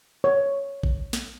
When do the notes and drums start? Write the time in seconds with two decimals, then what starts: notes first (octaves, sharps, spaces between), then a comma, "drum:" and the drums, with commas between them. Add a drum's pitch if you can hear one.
0.24 C#5
0.83 drum: kick A1
1.13 drum: snare